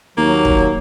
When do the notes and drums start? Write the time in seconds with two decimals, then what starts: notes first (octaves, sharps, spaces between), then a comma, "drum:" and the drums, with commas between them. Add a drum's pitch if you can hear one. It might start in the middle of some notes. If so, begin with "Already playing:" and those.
0.17 D#2 F#3 A#3
0.45 drum: kick